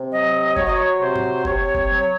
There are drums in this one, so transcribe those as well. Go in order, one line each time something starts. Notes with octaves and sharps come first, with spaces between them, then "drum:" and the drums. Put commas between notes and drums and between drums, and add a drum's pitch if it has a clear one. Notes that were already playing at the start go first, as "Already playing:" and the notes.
Already playing: C3
F#3 D#5
F#3 C#5, drum: kick F#1
D#5
C#5
C#5
C3 C5
drum: tom G#2
C3 C#5, drum: kick F#1
drum: kick F#1
F#3